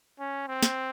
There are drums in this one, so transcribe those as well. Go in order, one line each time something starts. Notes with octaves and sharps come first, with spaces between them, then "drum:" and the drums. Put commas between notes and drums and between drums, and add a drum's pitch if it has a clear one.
C#4
C4
drum: snare